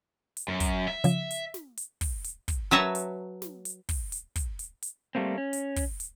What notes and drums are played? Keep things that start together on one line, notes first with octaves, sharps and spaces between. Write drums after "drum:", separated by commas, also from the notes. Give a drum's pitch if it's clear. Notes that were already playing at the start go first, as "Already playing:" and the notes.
drum: hi-hat
F#2
drum: kick, hi-hat
E5
C#3 F3, drum: hi-hat
drum: hi-hat
drum: snare
drum: hi-hat
drum: kick, open hi-hat
drum: hi-hat
drum: kick, hi-hat
F#3 B4 C#5 E5 A5 A#5
drum: hi-hat
drum: snare
drum: hi-hat
drum: kick, open hi-hat
drum: hi-hat
drum: kick, hi-hat
drum: hi-hat
drum: hi-hat
G3 A3 A#3 C4
C#4
drum: hi-hat
drum: kick, open hi-hat
drum: hi-hat